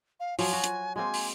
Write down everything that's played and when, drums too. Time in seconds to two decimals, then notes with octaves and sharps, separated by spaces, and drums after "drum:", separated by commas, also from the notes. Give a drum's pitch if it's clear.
0.20 F5
0.39 F3 F#3 G#5, drum: open hi-hat
0.53 F#4
0.64 drum: hi-hat
0.96 G#3 A#3 C4 G#5
1.14 drum: open hi-hat